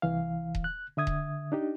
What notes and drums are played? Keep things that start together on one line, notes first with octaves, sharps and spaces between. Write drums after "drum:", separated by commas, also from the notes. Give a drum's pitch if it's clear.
C2 E3 F5
drum: kick D#1
F#6
D3 E5 D#6 G#6
drum: kick D#1
D4 D#4 G4